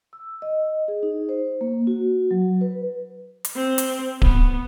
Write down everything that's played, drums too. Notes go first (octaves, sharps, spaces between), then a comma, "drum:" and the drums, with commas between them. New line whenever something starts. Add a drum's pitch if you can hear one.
E6
D#5
G#4
D#4
C5
A#3
F#4
F#3
B4
drum: hi-hat
C4
drum: hi-hat
B3, drum: kick D1